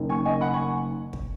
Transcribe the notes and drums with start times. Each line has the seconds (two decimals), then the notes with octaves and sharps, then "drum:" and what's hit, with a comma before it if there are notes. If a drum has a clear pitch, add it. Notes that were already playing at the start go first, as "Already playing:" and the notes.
Already playing: F#1 F#2 D#3
0.09 G#5 C#6
0.25 D#5 G#5
0.41 F#5 B5
0.54 G#5 C#6
1.13 drum: kick